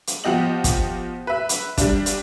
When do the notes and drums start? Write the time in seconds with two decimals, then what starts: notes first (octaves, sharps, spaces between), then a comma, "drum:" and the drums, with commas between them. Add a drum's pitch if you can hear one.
0.07 drum: hi-hat
0.24 F3 B3 G4 D#5 F#7
0.64 drum: kick, hi-hat
1.27 B4 E5
1.49 drum: hi-hat
1.78 G3 D4, drum: kick, hi-hat
2.06 drum: hi-hat